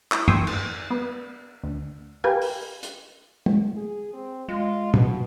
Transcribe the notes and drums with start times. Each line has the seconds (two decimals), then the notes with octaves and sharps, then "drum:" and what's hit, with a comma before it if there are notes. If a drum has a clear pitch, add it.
0.12 E4, drum: clap
0.28 G5 G#5 C6 C#6 D#6 E6, drum: tom
0.47 drum: cymbal
0.91 B3
1.64 D2
2.24 G4 A#4 B4 F5 G5 G#5
2.42 drum: open hi-hat
2.83 drum: hi-hat
3.46 drum: tom
3.76 G#4
4.13 C4
4.49 G#3 F4
4.94 B2, drum: tom